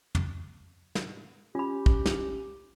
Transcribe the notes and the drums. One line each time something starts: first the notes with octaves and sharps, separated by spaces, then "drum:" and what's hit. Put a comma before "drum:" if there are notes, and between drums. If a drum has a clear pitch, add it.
drum: tom
drum: snare
C#4 F4 G4 G#5 B5
drum: kick
drum: snare